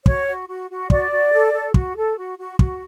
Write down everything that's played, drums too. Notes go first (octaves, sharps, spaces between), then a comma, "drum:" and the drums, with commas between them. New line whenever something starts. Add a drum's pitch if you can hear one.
F#4 C#5, drum: kick
F#4
F#4
F#4
F#4 D5, drum: kick
F#4
A4
A4
F#4, drum: kick
A4
F#4
F#4
F#4, drum: kick